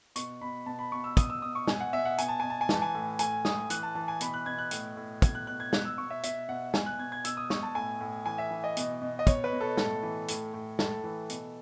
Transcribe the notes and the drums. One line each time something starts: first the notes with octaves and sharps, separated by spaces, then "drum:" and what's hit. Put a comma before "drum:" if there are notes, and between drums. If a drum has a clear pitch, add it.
B2 C#6, drum: hi-hat
B2 B5
B2 A5
B5
B2 C#6
E6
B2 D#6, drum: kick, hi-hat
E6
B2 D#6
C#6
B2 G#5, drum: snare
F#5
B2 E5
F#5
B2 G#5, drum: hi-hat
A5
B2 G#5
A5
G#5
E3 A5, drum: snare
G#5
A2
A2 G#5, drum: hi-hat
A2 D#6, drum: snare
E3 F#6, drum: hi-hat
A5
E3 A5
G#5
B2 B5, drum: hi-hat
F#6
B2 G#6
F#6
A2, drum: hi-hat
A2
B2 G#6, drum: kick, hi-hat
F#6
B2 F#6
G#6
B2 F#6, drum: snare
E6
B2 C#6
E5
B2 E5, drum: hi-hat
B2 F#5
B2 G#5, drum: snare
F#6
B2 G#6
G#6
B2 E6, drum: hi-hat
D#6
B2 C#6, drum: snare
A5
A2 G#5
A2
E3 G#5
E5
E3
D#5
B2, drum: hi-hat
B2
D#5
B2 C#5, drum: kick, hi-hat
B4
B2
A4
A2 A4, drum: snare
E3
A2, drum: hi-hat
A2
A2 A4, drum: snare
E3
B2, drum: hi-hat